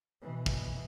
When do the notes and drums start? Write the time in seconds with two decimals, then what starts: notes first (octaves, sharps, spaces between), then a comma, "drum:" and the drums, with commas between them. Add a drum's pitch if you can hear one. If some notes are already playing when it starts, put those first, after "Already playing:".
0.22 B2 E3
0.46 drum: kick